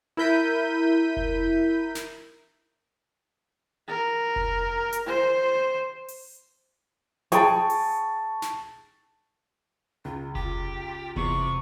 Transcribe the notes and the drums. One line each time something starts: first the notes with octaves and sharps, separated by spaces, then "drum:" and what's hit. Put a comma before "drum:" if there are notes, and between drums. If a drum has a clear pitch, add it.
E4 A#4 G6 B6 D#7
drum: kick F1
drum: snare
A#4
drum: kick F1
drum: hi-hat
C5
drum: open hi-hat
G#4 G5 A5 C#6, drum: hi-hat
drum: open hi-hat
drum: snare
C#2 F4
F4 G4, drum: kick F1
E2 C3 C#6, drum: kick F1